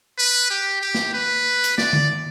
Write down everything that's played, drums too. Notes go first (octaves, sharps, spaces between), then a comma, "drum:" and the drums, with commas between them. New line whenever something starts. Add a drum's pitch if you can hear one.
B4
G4
G4
drum: snare
B4
drum: hi-hat
D5, drum: snare
drum: tom D3